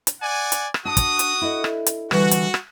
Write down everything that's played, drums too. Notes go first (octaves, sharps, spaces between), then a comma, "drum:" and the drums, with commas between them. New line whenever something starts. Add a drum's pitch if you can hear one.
drum: hi-hat
D5 F#5 G#5
drum: hi-hat
drum: rim click
D4 F#4 A5 D#6
drum: kick, hi-hat
drum: hi-hat
E4 A4 D#5
drum: rim click
drum: hi-hat
D3 E3 G3 F#4, drum: rim click
drum: hi-hat
drum: rim click